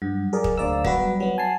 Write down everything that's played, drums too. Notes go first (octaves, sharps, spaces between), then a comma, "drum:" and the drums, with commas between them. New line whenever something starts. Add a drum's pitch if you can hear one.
G2 F#3
G#4 A#4 D5
drum: kick
D2 C5 D5 F5 A#5 E6
F#3 G3 B3 F#4 B4 D5, drum: kick
F#3 B3 F#5
G#5 A5 C7